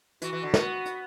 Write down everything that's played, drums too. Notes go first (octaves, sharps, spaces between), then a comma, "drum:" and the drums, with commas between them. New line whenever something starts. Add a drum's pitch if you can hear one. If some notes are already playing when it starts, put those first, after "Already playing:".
E3 F#4, drum: hi-hat
E3
D3
B3, drum: snare
drum: hi-hat